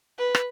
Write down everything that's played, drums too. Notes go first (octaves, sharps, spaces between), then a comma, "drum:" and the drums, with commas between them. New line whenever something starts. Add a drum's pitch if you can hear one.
B4
drum: rim click